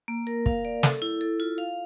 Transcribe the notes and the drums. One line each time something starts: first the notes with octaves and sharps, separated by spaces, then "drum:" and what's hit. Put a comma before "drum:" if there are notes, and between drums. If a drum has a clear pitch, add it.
A#3
A#4
F5, drum: kick
D5
A4, drum: snare
E4
A4
F4
F5